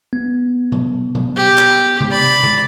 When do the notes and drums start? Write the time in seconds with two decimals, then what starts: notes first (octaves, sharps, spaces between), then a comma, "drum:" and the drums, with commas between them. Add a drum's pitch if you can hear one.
0.13 B3
0.72 drum: tom B2
1.15 drum: tom B2
1.36 G4
1.58 drum: clap
2.01 drum: tom C3
2.11 D5 B5
2.43 drum: tom C3